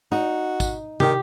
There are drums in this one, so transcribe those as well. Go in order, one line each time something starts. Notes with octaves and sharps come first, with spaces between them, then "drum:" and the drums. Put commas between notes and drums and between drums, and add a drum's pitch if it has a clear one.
D#4 F#4
drum: kick, tambourine
D#3 G4, drum: tom